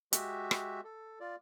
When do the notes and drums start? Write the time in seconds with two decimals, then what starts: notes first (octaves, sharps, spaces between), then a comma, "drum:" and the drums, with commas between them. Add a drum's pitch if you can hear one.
0.13 G#3 F#4 G4 E5, drum: hi-hat
0.51 drum: rim click
0.84 A4
1.20 F4 D5